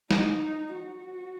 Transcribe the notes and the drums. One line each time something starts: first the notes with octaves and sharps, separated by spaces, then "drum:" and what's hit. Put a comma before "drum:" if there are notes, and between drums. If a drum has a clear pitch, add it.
D#4, drum: snare
F#4